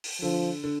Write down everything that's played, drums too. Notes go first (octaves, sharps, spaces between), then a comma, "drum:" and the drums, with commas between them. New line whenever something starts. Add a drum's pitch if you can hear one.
drum: open hi-hat
D3 F3
D3